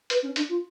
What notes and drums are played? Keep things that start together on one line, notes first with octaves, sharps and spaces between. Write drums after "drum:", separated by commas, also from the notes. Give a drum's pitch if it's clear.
B4, drum: hi-hat
C#4
D4, drum: hi-hat
F4